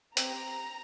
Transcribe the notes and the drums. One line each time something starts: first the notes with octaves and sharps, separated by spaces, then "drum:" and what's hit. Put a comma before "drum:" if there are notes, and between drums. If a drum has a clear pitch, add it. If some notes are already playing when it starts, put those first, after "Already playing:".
C4 G4 A#5, drum: hi-hat